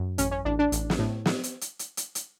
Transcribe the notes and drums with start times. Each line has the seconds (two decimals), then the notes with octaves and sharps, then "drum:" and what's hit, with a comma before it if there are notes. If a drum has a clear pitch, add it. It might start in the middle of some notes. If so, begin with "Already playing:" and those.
Already playing: F#2
0.18 A1 C#4, drum: hi-hat
0.31 C#4
0.45 A1 D4
0.59 D4
0.72 A1, drum: hi-hat
0.90 drum: snare
0.99 A2
1.26 drum: snare
1.43 drum: hi-hat
1.61 drum: hi-hat
1.79 drum: hi-hat
1.97 drum: hi-hat
2.15 drum: hi-hat